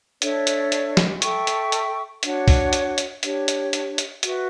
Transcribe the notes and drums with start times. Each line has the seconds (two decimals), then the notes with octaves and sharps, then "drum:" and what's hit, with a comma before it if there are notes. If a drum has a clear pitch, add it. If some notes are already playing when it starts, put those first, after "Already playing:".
0.22 D4 A4 C#5 E5, drum: hi-hat
0.47 drum: hi-hat
0.72 drum: hi-hat
0.97 drum: snare
1.22 A4 E5 G5 C#6, drum: hi-hat
1.47 drum: hi-hat
1.72 drum: hi-hat
2.23 D4 F#4 C#5 F#5, drum: hi-hat
2.48 drum: kick B1, open hi-hat
2.73 drum: hi-hat
2.98 drum: hi-hat
3.23 D4 G4 C#5, drum: hi-hat
3.48 drum: hi-hat
3.73 drum: hi-hat
3.98 drum: hi-hat
4.23 F#4 B4 E5, drum: hi-hat